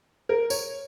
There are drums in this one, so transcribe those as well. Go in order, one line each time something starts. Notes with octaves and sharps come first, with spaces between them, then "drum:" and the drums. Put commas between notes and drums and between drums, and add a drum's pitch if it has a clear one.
A#4
C#5, drum: tambourine